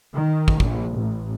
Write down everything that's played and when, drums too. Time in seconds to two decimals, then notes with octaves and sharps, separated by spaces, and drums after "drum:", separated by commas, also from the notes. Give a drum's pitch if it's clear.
0.14 D#3
0.48 drum: kick
0.60 A#1, drum: kick
0.93 A1